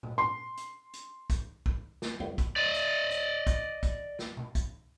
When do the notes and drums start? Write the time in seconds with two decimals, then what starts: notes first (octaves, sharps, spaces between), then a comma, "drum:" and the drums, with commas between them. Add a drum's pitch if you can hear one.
0.03 drum: tom A#2
0.18 C6
0.57 drum: hi-hat
0.93 drum: hi-hat
1.30 drum: kick, hi-hat
1.66 drum: kick
2.02 drum: snare
2.20 drum: tom E2
2.38 drum: kick, hi-hat
2.56 D5 D#5
2.74 drum: hi-hat
3.10 drum: hi-hat
3.47 drum: kick, hi-hat
3.83 drum: kick, hi-hat
4.19 drum: snare
4.37 drum: tom B2
4.55 drum: kick, hi-hat